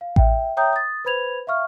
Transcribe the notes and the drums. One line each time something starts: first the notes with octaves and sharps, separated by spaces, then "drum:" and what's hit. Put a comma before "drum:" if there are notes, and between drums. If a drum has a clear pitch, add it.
F5
E5 G5, drum: kick A1
C#5 E5 G5 A#5 D#6 G6
D#6 A6
B4 C5 B5 G#6 F7
E5 F5 C#6 F6